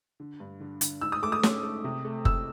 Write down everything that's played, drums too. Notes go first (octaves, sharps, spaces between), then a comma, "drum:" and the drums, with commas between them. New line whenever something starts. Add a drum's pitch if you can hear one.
D3
G2
D3
D3, drum: hi-hat
G#2 E6
D#6
A3 D6
D#6
C#4, drum: snare
A3
C3
A3
C3 E6, drum: kick F#1